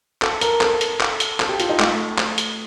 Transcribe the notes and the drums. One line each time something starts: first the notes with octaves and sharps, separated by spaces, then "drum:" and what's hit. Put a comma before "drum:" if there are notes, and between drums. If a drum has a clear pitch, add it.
A4, drum: clap
A#4, drum: hi-hat
A4, drum: clap
drum: hi-hat
drum: clap
drum: hi-hat
A4, drum: clap
G4
F4, drum: hi-hat
D#4
A3, drum: clap
drum: clap
drum: hi-hat